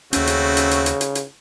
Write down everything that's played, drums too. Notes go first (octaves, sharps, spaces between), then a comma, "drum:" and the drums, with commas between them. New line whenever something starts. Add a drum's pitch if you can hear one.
D#2 C#3 A3 C4 C#4 F#4, drum: hi-hat
drum: hi-hat
drum: hi-hat
drum: hi-hat
drum: hi-hat
drum: hi-hat
drum: hi-hat